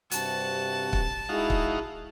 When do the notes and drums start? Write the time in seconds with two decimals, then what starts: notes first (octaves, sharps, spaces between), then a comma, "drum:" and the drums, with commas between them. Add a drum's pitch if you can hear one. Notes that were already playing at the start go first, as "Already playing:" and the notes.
0.11 G2 C3 F#4 A5, drum: hi-hat
0.93 drum: kick
1.29 G#3 D#4 E4 F#4 G#4 F5
1.50 drum: kick